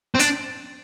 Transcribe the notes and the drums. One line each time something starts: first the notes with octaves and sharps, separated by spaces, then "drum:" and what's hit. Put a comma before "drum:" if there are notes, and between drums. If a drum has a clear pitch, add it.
C4
D4, drum: hi-hat